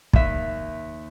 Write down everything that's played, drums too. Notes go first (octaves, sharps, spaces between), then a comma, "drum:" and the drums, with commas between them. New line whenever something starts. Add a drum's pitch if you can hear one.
D#2 E5, drum: kick